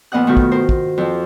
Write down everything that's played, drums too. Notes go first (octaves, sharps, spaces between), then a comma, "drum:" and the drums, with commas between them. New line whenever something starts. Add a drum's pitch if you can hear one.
F2 A#2 B3 D#5 F#5 F#6
B2 D#3 A3 F4 F#4
drum: kick
A#4 C5
drum: kick
F2 F3